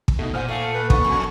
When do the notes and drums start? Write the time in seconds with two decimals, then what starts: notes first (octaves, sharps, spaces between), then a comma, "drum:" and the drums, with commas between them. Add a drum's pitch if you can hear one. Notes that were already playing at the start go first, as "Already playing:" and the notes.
0.08 drum: kick
0.19 B2 A3 D#4
0.34 A#2 C5 F#5 G#5 F6
0.48 A3 F5
0.74 B4
0.90 B3 D4 F#5 C#6, drum: kick
1.04 F2